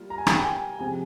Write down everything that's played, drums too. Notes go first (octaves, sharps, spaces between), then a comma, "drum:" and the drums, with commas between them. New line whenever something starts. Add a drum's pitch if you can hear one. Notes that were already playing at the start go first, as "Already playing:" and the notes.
Already playing: G3 A#3 F4
A#5
G#5
A#5, drum: rim click
G5
G#5
G5
C3 F3 G#3 C4 G#5